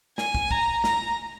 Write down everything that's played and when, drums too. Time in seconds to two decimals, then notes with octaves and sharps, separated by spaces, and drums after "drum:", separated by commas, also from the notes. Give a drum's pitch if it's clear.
0.18 G#5, drum: snare
0.34 drum: kick
0.51 A#5, drum: kick
0.84 A#5, drum: snare